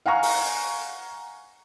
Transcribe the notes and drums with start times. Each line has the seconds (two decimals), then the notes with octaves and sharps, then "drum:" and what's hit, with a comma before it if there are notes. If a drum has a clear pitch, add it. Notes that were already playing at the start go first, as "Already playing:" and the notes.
0.06 F5 F#5 G#5 A#5 C#6 F6
0.23 drum: open hi-hat